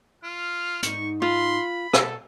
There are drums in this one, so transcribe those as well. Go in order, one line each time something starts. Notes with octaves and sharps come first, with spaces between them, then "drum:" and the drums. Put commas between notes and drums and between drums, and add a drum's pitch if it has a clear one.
F4 F6
G#2 D#4 C#6, drum: hi-hat
F4 B5 C6
B2 F#4 A4, drum: rim click